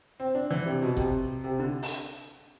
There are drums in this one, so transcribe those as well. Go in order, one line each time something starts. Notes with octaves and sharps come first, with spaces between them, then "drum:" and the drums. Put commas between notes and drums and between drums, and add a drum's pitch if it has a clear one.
C4
D4
E3
C3
B2
C3, drum: kick G1
C3
D3
drum: open hi-hat